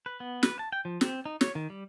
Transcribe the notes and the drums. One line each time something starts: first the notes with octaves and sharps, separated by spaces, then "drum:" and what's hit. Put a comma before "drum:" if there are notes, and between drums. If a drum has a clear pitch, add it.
B4
B3
B4, drum: snare
A5
G5
F3
C4, drum: snare
D#4
C#5, drum: snare
D#3
G3